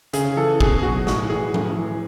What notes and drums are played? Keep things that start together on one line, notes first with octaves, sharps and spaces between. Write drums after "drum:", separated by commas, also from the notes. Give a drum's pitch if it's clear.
C#3 G#4, drum: hi-hat
E3 A4
B2 G#4, drum: kick
G#4
F#3 F#4
A2 F#4, drum: snare
E3 G#4
A2, drum: tom F3
E3